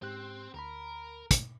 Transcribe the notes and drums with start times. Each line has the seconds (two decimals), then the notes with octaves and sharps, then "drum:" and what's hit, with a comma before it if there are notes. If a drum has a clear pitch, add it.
0.02 G#2 C4 G4 F#6
0.54 D2 A#4 A#5 B5
1.31 drum: kick, hi-hat